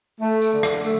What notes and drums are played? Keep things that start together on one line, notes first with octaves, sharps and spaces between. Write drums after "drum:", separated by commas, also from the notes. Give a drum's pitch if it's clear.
A3
drum: tambourine
D3
drum: rim click
A3, drum: tambourine